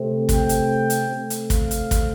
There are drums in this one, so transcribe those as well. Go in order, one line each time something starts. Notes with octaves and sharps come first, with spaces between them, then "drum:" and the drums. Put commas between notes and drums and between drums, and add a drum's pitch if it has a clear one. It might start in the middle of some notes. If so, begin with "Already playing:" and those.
Already playing: C3 A3 C4
G5, drum: kick, hi-hat
drum: hi-hat
drum: hi-hat
C3 A3 C4
drum: hi-hat
F5, drum: kick, hi-hat
drum: hi-hat
drum: kick, hi-hat